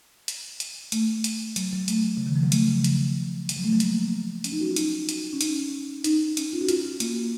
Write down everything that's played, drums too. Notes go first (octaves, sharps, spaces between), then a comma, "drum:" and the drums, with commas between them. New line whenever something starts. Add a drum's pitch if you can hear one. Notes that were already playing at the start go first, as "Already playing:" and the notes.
drum: hi-hat
drum: hi-hat
A3, drum: hi-hat
drum: hi-hat
F#3, drum: hi-hat
F#3
A3, drum: hi-hat
C#3
D#3
F3
F#3
A3, drum: hi-hat
C#3
drum: hi-hat
F3, drum: hi-hat
F#3
A3
F#3
A#3, drum: hi-hat
C#4, drum: hi-hat
D#4
F#4
F4
D#4, drum: hi-hat
drum: hi-hat
C#4
D#4, drum: hi-hat
D#4, drum: hi-hat
C#4, drum: hi-hat
F4
F#4
F4, drum: hi-hat
A#3, drum: hi-hat